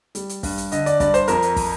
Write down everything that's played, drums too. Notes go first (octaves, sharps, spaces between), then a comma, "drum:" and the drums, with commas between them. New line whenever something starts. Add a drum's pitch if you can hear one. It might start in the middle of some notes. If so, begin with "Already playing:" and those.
G3, drum: hi-hat
drum: hi-hat
G2, drum: kick, open hi-hat
drum: hi-hat
D3 D#5, drum: hi-hat
D5, drum: hi-hat
G2 D5, drum: kick, hi-hat
C5, drum: hi-hat
F2 A#4, drum: hi-hat
drum: hi-hat
drum: kick, open hi-hat